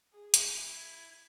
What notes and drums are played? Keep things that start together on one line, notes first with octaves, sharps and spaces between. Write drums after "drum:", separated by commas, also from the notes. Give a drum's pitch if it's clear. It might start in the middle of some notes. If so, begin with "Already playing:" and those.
G#4
drum: hi-hat
E4 G#6